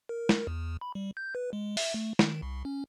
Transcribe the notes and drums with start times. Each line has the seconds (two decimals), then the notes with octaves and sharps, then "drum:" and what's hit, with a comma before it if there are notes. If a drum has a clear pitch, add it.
0.09 A#4
0.29 drum: snare
0.47 E2
0.81 B5
0.95 G3
1.17 G6
1.35 B4
1.53 G#3
1.77 E5, drum: open hi-hat
1.94 A3
2.19 D#3, drum: snare
2.42 C2
2.65 C#4